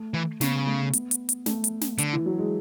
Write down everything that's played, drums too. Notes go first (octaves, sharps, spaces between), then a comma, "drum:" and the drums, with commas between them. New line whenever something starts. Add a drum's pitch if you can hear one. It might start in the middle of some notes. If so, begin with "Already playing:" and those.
Already playing: A3
E3
C#3 B3, drum: snare
A3
B3, drum: hi-hat
drum: hi-hat
drum: hi-hat
A3, drum: snare
drum: hi-hat
drum: snare
D3, drum: hi-hat
E3
F#3
G#3